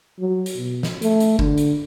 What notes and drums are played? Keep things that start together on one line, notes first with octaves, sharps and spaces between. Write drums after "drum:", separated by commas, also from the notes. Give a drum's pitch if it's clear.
F#3
drum: hi-hat
B2
drum: snare
A3, drum: hi-hat
drum: hi-hat
D3, drum: kick
drum: hi-hat